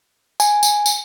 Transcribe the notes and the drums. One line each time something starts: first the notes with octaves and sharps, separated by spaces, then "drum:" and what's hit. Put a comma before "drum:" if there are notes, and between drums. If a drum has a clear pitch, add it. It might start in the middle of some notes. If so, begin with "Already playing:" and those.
G#5, drum: tambourine
drum: tambourine
drum: tambourine